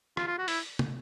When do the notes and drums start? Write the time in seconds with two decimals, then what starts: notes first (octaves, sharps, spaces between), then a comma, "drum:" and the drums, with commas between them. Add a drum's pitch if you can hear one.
0.17 F4, drum: rim click
0.27 F4
0.38 F#4
0.48 E4, drum: open hi-hat
0.79 drum: tom